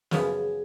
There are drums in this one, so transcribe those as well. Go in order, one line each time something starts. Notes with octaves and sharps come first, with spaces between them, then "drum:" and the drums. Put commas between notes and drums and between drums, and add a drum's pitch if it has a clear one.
F#2 C#3 F3 B3 G#4, drum: snare